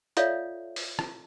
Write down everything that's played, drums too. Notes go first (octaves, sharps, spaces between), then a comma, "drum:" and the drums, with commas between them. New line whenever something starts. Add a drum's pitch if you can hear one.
F4 A4 C#5 D5 E5 F5, drum: hi-hat
drum: open hi-hat
drum: rim click